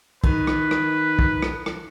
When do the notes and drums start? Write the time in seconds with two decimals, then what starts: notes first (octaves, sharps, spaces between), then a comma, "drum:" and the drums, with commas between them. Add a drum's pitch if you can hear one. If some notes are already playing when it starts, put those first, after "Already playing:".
0.24 D#3 B4, drum: kick
0.47 drum: rim click
0.71 drum: rim click
1.19 drum: kick
1.42 drum: rim click
1.66 drum: rim click